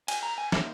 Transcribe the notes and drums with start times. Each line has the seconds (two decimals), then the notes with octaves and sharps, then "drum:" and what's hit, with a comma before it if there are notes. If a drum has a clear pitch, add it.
0.08 G#5, drum: cymbal
0.23 A#5
0.38 G#5
0.52 D#3 A#3 E5, drum: snare